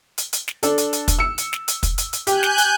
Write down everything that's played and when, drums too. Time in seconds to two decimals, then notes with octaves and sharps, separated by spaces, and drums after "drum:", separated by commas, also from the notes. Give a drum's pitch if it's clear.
0.18 drum: hi-hat
0.33 drum: hi-hat
0.48 drum: snare
0.63 D4 A4, drum: hi-hat
0.78 drum: hi-hat
0.93 drum: hi-hat
1.08 drum: kick, hi-hat
1.19 E6 C#7
1.38 drum: hi-hat
1.53 drum: snare
1.68 drum: hi-hat
1.83 drum: kick, hi-hat
1.98 drum: hi-hat
2.13 drum: hi-hat
2.27 G4 G#5 F#6 G6, drum: hi-hat
2.43 drum: snare
2.58 drum: hi-hat